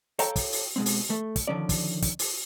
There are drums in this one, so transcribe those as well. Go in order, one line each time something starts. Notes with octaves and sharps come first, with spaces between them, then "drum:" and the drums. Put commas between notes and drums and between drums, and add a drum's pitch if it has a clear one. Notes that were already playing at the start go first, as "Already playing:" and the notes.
A4 C#5 F5 G5 A5 A#5, drum: hi-hat
drum: kick, open hi-hat
drum: open hi-hat
B2 G#3 C4
drum: open hi-hat
A3
drum: kick, hi-hat
D3 D#3 F3 C#4 D5
drum: kick, open hi-hat
drum: kick, hi-hat
drum: open hi-hat